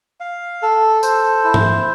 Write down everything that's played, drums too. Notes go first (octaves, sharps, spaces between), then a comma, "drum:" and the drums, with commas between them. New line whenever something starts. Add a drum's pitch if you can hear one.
F5
A4
C5, drum: tambourine
E4
drum: tom